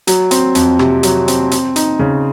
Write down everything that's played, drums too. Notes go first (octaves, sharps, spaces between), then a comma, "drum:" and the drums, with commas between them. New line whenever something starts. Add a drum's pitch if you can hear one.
F#3, drum: hi-hat
C4, drum: hi-hat
F2, drum: hi-hat
C3, drum: rim click
F#3, drum: hi-hat
C4, drum: hi-hat
C4, drum: hi-hat
D#4, drum: hi-hat
C#3